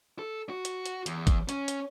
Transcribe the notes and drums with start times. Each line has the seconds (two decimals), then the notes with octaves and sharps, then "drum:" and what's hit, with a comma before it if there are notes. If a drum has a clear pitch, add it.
0.19 A4
0.49 F#4
0.65 drum: hi-hat
0.86 drum: hi-hat
1.06 E2, drum: hi-hat
1.27 drum: kick, hi-hat
1.49 C#4, drum: hi-hat
1.68 drum: hi-hat